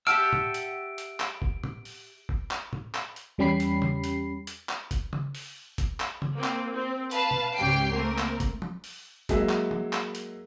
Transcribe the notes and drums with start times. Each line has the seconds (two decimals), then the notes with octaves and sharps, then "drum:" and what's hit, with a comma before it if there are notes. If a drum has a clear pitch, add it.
0.07 G4 E5 F#5 A5 E6 F6 D7
0.33 drum: tom
0.54 drum: hi-hat
0.98 drum: hi-hat
1.20 drum: clap
1.42 drum: kick G1
1.64 drum: tom
1.85 drum: open hi-hat
2.29 drum: kick G1
2.51 drum: clap
2.73 drum: tom
2.94 drum: clap
3.16 drum: hi-hat
3.38 E2 G3 C#4 G4 B5 C7
3.60 drum: hi-hat
3.82 drum: tom
4.04 drum: hi-hat
4.47 drum: hi-hat
4.69 drum: clap
4.91 drum: kick G1, hi-hat
5.13 drum: tom
5.35 drum: open hi-hat
5.78 drum: kick G1, hi-hat
6.00 drum: clap
6.22 drum: tom
6.34 A#3 C4
6.44 drum: clap
6.74 C4
7.11 B4 F5 A5, drum: hi-hat
7.31 drum: tom B2
7.56 C#2 G#2 C#4 G4 G5 C7
7.91 A3 A#3 C4 A#4
8.18 drum: clap
8.40 drum: kick G1, hi-hat
8.62 drum: tom
8.84 drum: open hi-hat
9.29 F#3 G#3 A#3 G#4 E5, drum: kick G1, hi-hat
9.49 drum: clap
9.71 drum: tom
9.93 drum: clap
10.15 drum: hi-hat